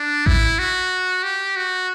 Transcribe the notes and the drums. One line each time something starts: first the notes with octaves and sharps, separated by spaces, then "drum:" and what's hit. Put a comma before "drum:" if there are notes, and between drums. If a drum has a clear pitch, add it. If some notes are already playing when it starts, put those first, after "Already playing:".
Already playing: D4
E4, drum: kick A1
F#4
G4
F#4